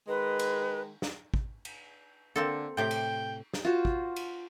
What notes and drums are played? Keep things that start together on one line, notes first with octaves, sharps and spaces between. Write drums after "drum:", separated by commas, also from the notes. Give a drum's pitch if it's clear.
D#3 G#3 B4
drum: cymbal
drum: snare
drum: kick
drum: cymbal
D3 A#3 C4 A4
A2 C3 G4 G5
drum: cymbal
drum: snare
F4 F#4 C5
drum: kick
drum: cymbal